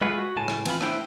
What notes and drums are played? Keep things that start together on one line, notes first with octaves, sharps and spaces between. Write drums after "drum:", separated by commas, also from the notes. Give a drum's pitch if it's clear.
G#3 A3 F4 G#4 B4 F#5
F#4
C#2 A2 G#5 A5
drum: rim click
E3 C4 F4 B5, drum: cymbal
A3 B3 D4 E4 C5 G5, drum: rim click